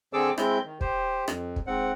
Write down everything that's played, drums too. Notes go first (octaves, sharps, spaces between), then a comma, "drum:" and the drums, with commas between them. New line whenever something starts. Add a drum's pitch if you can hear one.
D3 C4 G#4 A4 D6 E6
G#3 C4 E4 G6, drum: rim click
D#3
G4 C5, drum: kick
F2, drum: rim click
drum: kick
G#2 C4 F#5